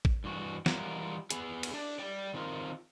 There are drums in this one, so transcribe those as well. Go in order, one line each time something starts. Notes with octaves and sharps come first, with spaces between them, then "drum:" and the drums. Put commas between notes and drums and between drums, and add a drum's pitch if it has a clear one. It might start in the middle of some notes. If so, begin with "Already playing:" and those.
drum: kick
G2 E3 F#4
E3 G3 F4 A#4 F#5, drum: snare
B3 G#4, drum: hi-hat
drum: cymbal
D4
D5 G5
D#3 C4 F4 A#4